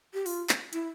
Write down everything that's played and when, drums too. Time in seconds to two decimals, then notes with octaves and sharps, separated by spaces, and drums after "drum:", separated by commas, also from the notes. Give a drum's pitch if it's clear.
0.14 G4
0.26 F4, drum: open hi-hat
0.49 drum: clap
0.73 E4, drum: hi-hat